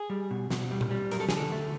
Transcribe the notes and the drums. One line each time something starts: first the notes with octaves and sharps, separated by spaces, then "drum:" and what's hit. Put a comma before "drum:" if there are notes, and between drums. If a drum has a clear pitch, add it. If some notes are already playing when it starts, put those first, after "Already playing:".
Already playing: G#4
G3
B2
B2, drum: snare
G3
drum: tom A#2
G3
F#3 A#4, drum: hi-hat
A4
D3 G#4, drum: snare
A4
A3